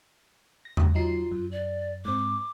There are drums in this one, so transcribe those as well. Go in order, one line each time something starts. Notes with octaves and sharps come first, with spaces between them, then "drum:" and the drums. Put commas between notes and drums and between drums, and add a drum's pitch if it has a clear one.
A#6
drum: tom E2
F#3 D#4 F4 C7
F#2
D5
G#2 C4 D6